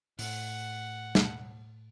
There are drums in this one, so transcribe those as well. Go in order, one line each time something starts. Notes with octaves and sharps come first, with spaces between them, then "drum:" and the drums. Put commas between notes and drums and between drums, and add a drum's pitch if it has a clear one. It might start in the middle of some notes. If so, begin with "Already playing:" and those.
A2 F#5, drum: open hi-hat
drum: snare